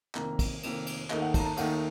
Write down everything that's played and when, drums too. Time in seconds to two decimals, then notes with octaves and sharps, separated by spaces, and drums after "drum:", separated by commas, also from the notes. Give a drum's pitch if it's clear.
0.15 F1 F2 D#3 A#3 A#5, drum: clap
0.39 drum: kick, cymbal
0.63 F1 F2 D#3 A#3, drum: cymbal
0.86 drum: cymbal
1.10 D#2 D#3 A3 D#4 D#5, drum: clap
1.22 F#5
1.34 A5, drum: kick, cymbal
1.40 A#5
1.46 A5
1.57 D#2 D#3 A3 D#4 F#5, drum: cymbal